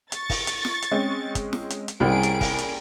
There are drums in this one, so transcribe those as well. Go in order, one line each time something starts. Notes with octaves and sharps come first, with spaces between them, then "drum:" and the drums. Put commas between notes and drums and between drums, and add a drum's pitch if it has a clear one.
C#6 A6, drum: hi-hat
drum: kick, open hi-hat
drum: hi-hat
drum: snare
drum: hi-hat
G#3 C4 C#4
drum: kick, hi-hat
drum: snare
drum: hi-hat
drum: hi-hat
C2 G3 A#3 C#4 G#4 D7
drum: hi-hat
drum: kick, open hi-hat
drum: hi-hat